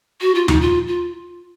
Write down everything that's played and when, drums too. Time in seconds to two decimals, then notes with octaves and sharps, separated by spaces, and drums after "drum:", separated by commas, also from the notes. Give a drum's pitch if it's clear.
0.21 F#4
0.35 F4
0.48 D#4, drum: tom D#2
0.61 F4
0.87 F4